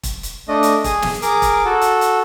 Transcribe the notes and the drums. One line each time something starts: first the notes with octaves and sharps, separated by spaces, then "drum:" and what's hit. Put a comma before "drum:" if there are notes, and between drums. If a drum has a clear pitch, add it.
drum: kick E1, hi-hat
drum: hi-hat
A3 D4 D#5
drum: hi-hat
G#4 D#6, drum: kick E1, hi-hat
drum: snare
G#4 A#4 D6, drum: hi-hat
drum: kick E1, hi-hat
F#4 A4
drum: hi-hat
drum: hi-hat